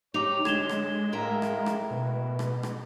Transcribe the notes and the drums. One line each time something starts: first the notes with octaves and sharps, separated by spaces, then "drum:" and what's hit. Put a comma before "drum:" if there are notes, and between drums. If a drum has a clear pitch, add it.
D#4 G4 C#5 D6 F7
D3 G#3 G#6 E7 G7, drum: rim click
drum: rim click
A2 A4 A#4 E5 F5 A#5
drum: rim click
drum: rim click
B2 B4
drum: rim click
drum: rim click